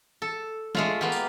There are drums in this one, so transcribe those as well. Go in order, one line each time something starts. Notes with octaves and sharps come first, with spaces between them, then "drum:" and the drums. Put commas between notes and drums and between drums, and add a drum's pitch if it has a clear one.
A4
G#3 A3 F4, drum: snare
A#3 B3 F4 G4
drum: tambourine